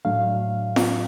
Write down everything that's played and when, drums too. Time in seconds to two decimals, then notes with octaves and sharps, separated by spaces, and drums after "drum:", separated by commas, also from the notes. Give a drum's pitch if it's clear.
0.05 A2 F#3 A3 D4 F5
0.76 drum: snare F4